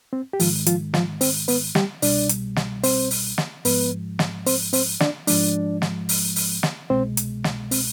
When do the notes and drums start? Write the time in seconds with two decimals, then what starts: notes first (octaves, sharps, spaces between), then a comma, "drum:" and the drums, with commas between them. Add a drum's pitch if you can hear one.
0.13 C4
0.33 G4
0.40 G#2 D#3 F3 G#3 F4, drum: open hi-hat
0.66 F3 F4, drum: hi-hat
0.94 F3 F4, drum: snare
1.21 C4 C5, drum: open hi-hat
1.48 B3 B4, drum: open hi-hat
1.75 G3 G4, drum: snare
2.02 C2 B2 G3 D4 D5, drum: open hi-hat
2.29 drum: hi-hat
2.56 drum: snare
2.83 C4 C5, drum: open hi-hat
3.11 drum: open hi-hat
3.38 drum: snare
3.65 G#2 F3 G#3 B3 B4, drum: open hi-hat
4.19 drum: snare
4.46 C4 C5, drum: open hi-hat
4.73 C4 C5, drum: open hi-hat
5.00 D4 D5, drum: snare
5.27 G#2 F3 G#3 D4 D5, drum: open hi-hat
5.82 drum: snare
6.09 drum: open hi-hat
6.36 drum: open hi-hat
6.63 drum: snare
6.90 C2 B2 G#3 C4 C5
7.17 drum: hi-hat
7.44 drum: snare
7.71 C4, drum: open hi-hat